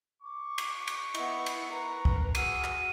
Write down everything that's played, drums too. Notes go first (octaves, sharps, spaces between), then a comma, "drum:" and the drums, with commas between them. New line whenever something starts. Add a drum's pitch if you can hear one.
C#6 D6
drum: cymbal
drum: cymbal
B3 E4 D#5, drum: cymbal
drum: cymbal
A#4 B4 A#5
drum: kick
F#4 G#4 E6 F6 D#7, drum: cymbal
drum: clap